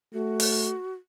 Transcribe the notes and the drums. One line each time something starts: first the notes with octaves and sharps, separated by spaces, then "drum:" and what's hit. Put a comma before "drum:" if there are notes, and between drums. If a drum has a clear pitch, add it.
A3 F#4
drum: open hi-hat